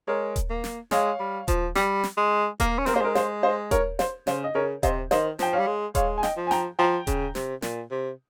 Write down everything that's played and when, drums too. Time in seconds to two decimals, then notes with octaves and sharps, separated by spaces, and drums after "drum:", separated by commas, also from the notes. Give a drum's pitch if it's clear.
0.08 G#3 A#4 C#5
0.36 drum: kick D#1, hi-hat
0.50 A#3
0.64 drum: snare
0.91 G#3 C#5 F5, drum: snare
1.20 G3
1.48 F3, drum: kick D#1, hi-hat
1.75 G3, drum: snare
2.04 drum: snare
2.17 G#3
2.60 A#3 A#4, drum: kick D#1, hi-hat
2.78 C#4
2.86 C4 A#4, drum: snare
2.94 A#3 C5
3.01 G#3 A#4
3.15 C5, drum: snare
3.43 C5 D#5
3.71 A#4 C#5, drum: kick D#1, hi-hat
3.99 C5, drum: snare
4.27 C#3 C5, drum: snare
4.44 D#5
4.55 C#3 A#4 C#5
4.83 C3 C5 D#5, drum: kick D#1, hi-hat
5.11 D#3 C5 D#5, drum: snare
5.39 F3 G5, drum: snare
5.53 C#5 F5
5.59 G3
5.67 G#3
5.95 G#3 C#5 F5, drum: kick D#1, hi-hat
6.18 G#5
6.23 D#5 G5, drum: snare
6.37 F3
6.47 G#5
6.51 G5 A#5, drum: snare
6.79 F3 G5 A#5
7.07 C#3, drum: kick D#1, hi-hat
7.35 C3, drum: snare
7.62 A#2, drum: snare
7.91 C3